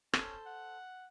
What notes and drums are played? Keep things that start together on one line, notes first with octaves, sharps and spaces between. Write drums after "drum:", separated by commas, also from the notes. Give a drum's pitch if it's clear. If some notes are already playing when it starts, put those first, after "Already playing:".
C#4 A4 C5, drum: rim click
F#5